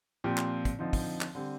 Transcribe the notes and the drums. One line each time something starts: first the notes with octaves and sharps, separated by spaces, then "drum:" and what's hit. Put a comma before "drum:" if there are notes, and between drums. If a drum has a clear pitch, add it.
A#2 F3 C4 G4
drum: clap
drum: kick, hi-hat
D3 F3 C4 D#4
drum: kick, open hi-hat
drum: clap
D3 G3 C4